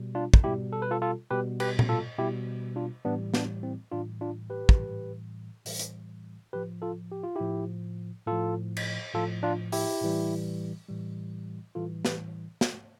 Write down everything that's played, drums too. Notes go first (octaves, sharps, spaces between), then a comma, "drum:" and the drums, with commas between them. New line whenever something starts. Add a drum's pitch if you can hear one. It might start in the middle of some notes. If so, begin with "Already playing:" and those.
Already playing: B2 G3
D4 F4
drum: kick
B2 G3 E4 G4
A4
B4
F4 A4
F4 A4
B2 G3 G4 B4
G4 B4, drum: cymbal
drum: tom A#2
F4 A4
B2 G3 E4 G4
D4 F4
A2 E3 G3 B3 D4
B3 D4, drum: snare
C4 E4
A2 E3 G3 D4 F4
D4 F4
G4 B4
drum: kick
A2 E3 G3
A2 E3 G3, drum: open hi-hat
drum: hi-hat
A2 F3 G4 B4
F4 A4
G4
F4
A2 F3 E4 G4
A2 F3 F4 A4
drum: cymbal
A2 F3 F4 A4
D4 F4
E4 G4, drum: open hi-hat
A2 E3 G3
A2 E3 G3
A2 E3 G3 F4 A4
G4 B4, drum: snare
drum: snare